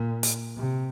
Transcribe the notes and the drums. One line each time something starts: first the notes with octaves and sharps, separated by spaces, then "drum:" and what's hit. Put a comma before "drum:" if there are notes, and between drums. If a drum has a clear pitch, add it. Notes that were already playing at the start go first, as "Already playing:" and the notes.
Already playing: A#2
drum: hi-hat
C3